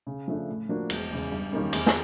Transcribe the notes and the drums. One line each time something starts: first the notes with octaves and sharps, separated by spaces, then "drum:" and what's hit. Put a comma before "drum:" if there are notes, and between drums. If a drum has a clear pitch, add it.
C#3
F3 A3 D4
A2
F3 A#3 D4 F#4
E1, drum: cymbal
E2 C#3
G2
D#3 G3 A#3 C#4
E2, drum: cymbal
drum: snare